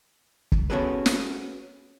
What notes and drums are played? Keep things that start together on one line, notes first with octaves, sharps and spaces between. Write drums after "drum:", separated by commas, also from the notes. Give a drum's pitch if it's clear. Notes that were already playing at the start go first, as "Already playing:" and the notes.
drum: kick
B3 C#4 F#4 G#4 A4 B4
drum: snare